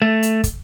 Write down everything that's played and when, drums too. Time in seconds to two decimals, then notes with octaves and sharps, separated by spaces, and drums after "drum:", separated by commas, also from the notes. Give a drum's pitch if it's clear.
0.02 A3
0.23 drum: hi-hat
0.44 drum: kick, hi-hat